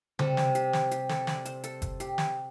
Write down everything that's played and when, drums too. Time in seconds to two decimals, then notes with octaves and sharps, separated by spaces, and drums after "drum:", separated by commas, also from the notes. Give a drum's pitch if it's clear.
0.19 C3 G3 A4, drum: tom C#3
0.37 drum: snare
0.55 G4, drum: hi-hat
0.73 drum: snare
0.91 G4, drum: hi-hat
1.09 A4, drum: snare
1.27 D5, drum: snare
1.45 C5, drum: hi-hat
1.64 A4, drum: hi-hat
1.82 drum: kick F#1, hi-hat
2.00 G4, drum: hi-hat
2.18 drum: snare